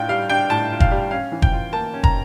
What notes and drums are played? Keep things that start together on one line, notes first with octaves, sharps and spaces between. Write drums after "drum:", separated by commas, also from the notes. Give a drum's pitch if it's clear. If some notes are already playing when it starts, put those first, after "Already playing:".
Already playing: A2 D4 F4 G5
G3 F5
D4 G5
A2 A5
F4
F5, drum: kick
G3
C#4 F5
E3
G5, drum: kick
F4
A#3 A5
C#4
A#5, drum: kick